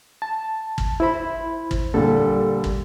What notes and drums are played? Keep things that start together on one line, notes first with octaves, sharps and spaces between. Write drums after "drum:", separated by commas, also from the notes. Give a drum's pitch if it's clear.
A5
drum: kick
E4 C5 B5
drum: kick
A#2 D3 G3 A4
drum: kick